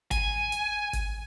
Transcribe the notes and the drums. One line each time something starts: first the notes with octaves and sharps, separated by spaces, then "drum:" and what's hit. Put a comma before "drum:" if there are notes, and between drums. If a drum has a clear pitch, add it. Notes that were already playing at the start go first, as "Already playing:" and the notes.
G#5, drum: kick G1, hi-hat
drum: hi-hat
drum: kick G1, hi-hat